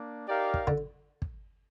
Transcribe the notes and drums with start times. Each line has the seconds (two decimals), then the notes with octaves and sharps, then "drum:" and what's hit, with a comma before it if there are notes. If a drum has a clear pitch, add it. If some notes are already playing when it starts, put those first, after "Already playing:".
Already playing: A#3 D4
0.27 D#4 G4 A#4 D5 F5
0.54 drum: kick
0.67 D3, drum: kick
1.22 drum: kick